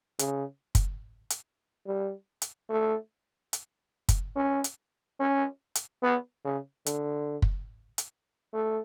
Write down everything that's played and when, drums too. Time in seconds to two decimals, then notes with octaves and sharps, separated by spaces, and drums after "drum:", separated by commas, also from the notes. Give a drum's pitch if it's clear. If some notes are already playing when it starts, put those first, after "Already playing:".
0.19 C#3, drum: hi-hat
0.75 drum: kick, hi-hat
1.30 drum: hi-hat
1.87 G3
2.42 drum: hi-hat
2.70 A3
3.53 drum: hi-hat
4.09 drum: kick, hi-hat
4.36 C#4
4.64 drum: hi-hat
5.20 C#4
5.75 drum: hi-hat
6.03 B3
6.45 C#3
6.86 D3, drum: hi-hat
7.42 drum: kick
7.98 drum: hi-hat
8.54 A3